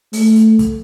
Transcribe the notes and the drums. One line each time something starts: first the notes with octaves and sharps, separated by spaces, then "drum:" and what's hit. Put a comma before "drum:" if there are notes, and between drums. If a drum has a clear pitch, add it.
A3, drum: open hi-hat
drum: hi-hat
drum: kick, hi-hat